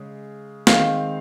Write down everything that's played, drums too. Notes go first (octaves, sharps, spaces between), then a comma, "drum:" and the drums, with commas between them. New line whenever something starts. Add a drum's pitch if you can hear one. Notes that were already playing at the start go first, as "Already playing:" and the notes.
Already playing: C#3 G#3
D#3 G#3 C4 F5, drum: snare